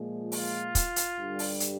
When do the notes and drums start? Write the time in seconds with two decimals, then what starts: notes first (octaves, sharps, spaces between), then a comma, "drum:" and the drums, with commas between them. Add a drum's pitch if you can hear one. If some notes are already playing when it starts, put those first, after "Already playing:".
Already playing: A#2 F3 G#3
0.32 F4, drum: open hi-hat
0.75 drum: kick, hi-hat
0.96 drum: hi-hat
1.17 G2 D3 G3
1.39 drum: open hi-hat
1.60 drum: hi-hat